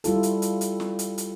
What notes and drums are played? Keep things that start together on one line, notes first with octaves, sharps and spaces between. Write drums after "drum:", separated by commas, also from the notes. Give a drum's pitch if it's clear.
G3 E4 F4 A4, drum: hi-hat
drum: hi-hat
drum: hi-hat
drum: hi-hat
drum: snare
drum: hi-hat
drum: hi-hat